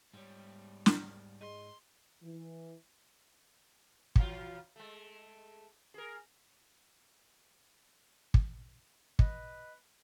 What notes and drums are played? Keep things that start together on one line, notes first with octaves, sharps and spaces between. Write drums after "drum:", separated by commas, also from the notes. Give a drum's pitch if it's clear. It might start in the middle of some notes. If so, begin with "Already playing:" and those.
G#2 G3 C#5
drum: snare
G#4 D#5 C6 D#7
E3
E3 F#3 F4, drum: kick
G#3 A3
G#4 A#4
drum: kick
B4 D#5, drum: kick